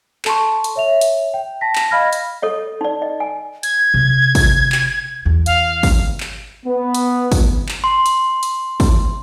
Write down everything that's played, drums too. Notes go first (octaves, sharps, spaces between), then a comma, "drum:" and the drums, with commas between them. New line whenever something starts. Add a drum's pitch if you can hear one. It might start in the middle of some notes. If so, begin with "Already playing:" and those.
A4 A5 C6 C#6, drum: clap
drum: hi-hat
C#5 E5 F7
drum: hi-hat
G5
A5 A#6 B6
drum: clap
D#5 F5 B5 F6 G#6 A#6
drum: hi-hat
A4 C#5 D#5
D#4 D5
D#5
G#5
G#6, drum: hi-hat
C3
drum: kick, open hi-hat
drum: clap
E2
F5, drum: hi-hat
drum: kick, open hi-hat
drum: clap
B3
drum: hi-hat
drum: kick, open hi-hat
drum: clap
C6
drum: hi-hat
drum: hi-hat
drum: kick, open hi-hat